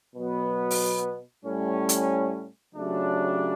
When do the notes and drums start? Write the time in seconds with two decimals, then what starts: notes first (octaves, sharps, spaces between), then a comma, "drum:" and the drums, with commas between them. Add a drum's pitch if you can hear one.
0.15 B2 F#3 B3
0.71 drum: open hi-hat
1.45 A2 G3 C#4
1.89 drum: hi-hat
2.74 C#3 F#3 A3 D4 G4